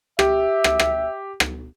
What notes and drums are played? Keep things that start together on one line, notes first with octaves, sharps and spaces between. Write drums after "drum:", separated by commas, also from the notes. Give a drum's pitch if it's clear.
G4 E5, drum: rim click
drum: rim click
drum: rim click
drum: rim click